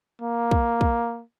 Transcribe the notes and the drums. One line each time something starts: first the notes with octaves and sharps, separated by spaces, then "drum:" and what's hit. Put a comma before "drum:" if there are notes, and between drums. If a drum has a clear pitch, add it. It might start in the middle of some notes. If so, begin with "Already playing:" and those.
A#3
drum: kick
drum: kick